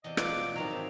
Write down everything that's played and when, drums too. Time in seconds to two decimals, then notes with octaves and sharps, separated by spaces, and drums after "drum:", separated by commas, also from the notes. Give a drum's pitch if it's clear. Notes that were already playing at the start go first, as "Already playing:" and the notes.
0.04 E2 C3 D5 D#5
0.17 B2 B3 F4 D6, drum: rim click
0.56 G#2 D#3 F3 F#3 C4 A#5
0.71 E5